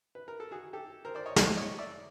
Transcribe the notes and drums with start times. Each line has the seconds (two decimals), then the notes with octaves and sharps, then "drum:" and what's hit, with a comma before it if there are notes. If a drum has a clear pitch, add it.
0.15 B4
0.28 A#4
0.40 A4
0.51 F#4 G#4
0.73 G4 A4
1.05 A#4 C5
1.15 C5 D5
1.26 C#5 D#5
1.36 C5 D5, drum: snare
1.57 C#5 D#5
1.79 D5 E5